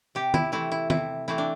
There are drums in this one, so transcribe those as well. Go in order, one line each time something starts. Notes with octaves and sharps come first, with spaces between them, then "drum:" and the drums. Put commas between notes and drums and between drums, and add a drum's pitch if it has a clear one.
C3 G4
E4, drum: tom D#3
E3 A3 C4 E4
E4
C3 E4, drum: tom D#3
E3 A3 C4 E4
D4